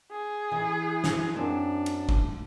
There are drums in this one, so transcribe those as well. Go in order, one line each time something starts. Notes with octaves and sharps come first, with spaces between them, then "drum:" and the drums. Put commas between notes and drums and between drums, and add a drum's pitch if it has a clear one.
G#4
E3
drum: snare
F#2 C4 D4
drum: cymbal
drum: kick